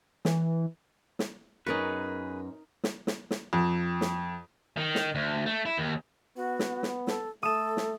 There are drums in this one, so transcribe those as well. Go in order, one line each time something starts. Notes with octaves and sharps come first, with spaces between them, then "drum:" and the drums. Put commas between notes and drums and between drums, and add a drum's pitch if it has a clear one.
E3, drum: snare
drum: snare
F#2 B3 C#4 D#4 G#4 A#4 B4 C#6
drum: snare
drum: snare
drum: snare
F2
drum: snare
D#3
drum: snare
D2
A3
E4
D#2
B3 F#4
drum: snare
drum: snare
A4, drum: snare
A3 A4 D#6 E7
drum: snare